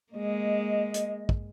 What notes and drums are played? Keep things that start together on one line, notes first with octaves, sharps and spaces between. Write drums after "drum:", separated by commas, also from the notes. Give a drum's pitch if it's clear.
G#3 A#3 D#5
drum: hi-hat
drum: kick